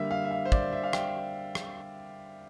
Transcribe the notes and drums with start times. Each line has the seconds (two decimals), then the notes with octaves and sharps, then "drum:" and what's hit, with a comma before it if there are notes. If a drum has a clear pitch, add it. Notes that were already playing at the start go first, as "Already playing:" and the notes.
Already playing: D3 G3 A#3 E5
0.11 F5
0.25 E5
0.31 F5
0.45 C5
0.52 D5, drum: kick
0.73 E5
0.83 F5
0.93 G5, drum: rim click
1.55 drum: rim click